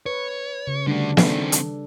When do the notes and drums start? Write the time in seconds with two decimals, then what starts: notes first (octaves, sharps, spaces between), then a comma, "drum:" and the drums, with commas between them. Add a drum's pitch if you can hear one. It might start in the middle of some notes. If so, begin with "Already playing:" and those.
0.06 B4 C#5
0.67 C#3
0.87 D3 G3 A3 D4
1.17 D#3 C4 D4 A4, drum: snare
1.52 drum: hi-hat